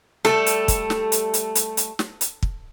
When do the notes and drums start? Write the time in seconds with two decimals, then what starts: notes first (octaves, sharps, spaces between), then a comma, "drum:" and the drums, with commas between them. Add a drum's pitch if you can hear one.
0.25 G3 A3 A4, drum: snare
0.46 drum: hi-hat
0.68 drum: kick, hi-hat
0.90 drum: snare
1.12 drum: hi-hat
1.34 drum: hi-hat
1.55 drum: hi-hat
1.77 drum: hi-hat
1.99 drum: snare
2.21 drum: hi-hat
2.43 drum: kick